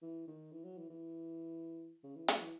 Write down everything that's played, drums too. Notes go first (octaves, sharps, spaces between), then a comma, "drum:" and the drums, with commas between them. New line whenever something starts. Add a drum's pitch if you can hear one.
E3
D#3
E3
F#3
E3
E3
C#3
E3
F#3, drum: hi-hat
E3